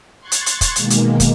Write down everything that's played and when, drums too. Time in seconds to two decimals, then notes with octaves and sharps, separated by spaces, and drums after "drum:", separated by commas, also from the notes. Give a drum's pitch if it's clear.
0.20 C6 C#6 F#6 G#6 A6
0.32 drum: hi-hat
0.46 drum: hi-hat
0.61 drum: kick, hi-hat
0.76 B2 D#3 G#3 A#3, drum: hi-hat
0.90 drum: hi-hat
1.20 drum: kick, hi-hat